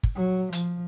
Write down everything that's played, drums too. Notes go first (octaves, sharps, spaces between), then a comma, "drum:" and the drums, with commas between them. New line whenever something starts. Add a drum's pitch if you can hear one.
drum: kick
F#3
F3, drum: hi-hat